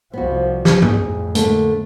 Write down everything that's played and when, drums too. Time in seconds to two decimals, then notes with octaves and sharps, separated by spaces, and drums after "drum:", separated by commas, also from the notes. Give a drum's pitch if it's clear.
0.14 C2 F3 B3 F#4
0.65 drum: snare
0.82 F2 A2 G#4, drum: tom G2
1.35 D3 A3 A#3, drum: hi-hat